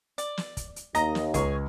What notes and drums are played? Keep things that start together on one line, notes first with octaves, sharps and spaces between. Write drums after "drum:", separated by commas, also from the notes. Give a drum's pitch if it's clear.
D5, drum: hi-hat
drum: snare
drum: kick, hi-hat
drum: hi-hat
D#2 D#5 A#5 A#6, drum: hi-hat
drum: snare
C#2 G#4 C#5, drum: kick, hi-hat